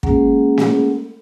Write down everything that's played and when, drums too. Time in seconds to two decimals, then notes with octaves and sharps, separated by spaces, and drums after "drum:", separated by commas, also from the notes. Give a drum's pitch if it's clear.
0.03 G#3 A#3 C#4 G#4 F#5, drum: kick
0.58 drum: snare